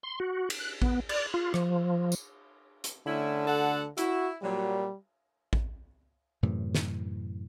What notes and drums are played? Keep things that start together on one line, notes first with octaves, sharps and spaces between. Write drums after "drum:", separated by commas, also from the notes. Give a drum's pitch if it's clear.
C6
F#4
drum: cymbal
F#6
B3, drum: kick A1
D5, drum: cymbal
F4
F3, drum: rim click
drum: tambourine
drum: hi-hat
D3 A3 C#4 E4
D2 A4 F#5
E4 F#4, drum: hi-hat
A#2 F#3 G3
drum: kick A1
F#2 A2 C3 E3
drum: snare